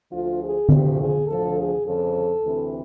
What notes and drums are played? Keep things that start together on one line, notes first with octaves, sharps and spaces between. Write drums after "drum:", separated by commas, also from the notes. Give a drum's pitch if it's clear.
D2 D3 F3 F4
G#4
D2 C#3 F3 G4, drum: tom D3
G#4
D2 D3 F3 A4
G#4
F2 C#3 F3 A4
D2 C3 E3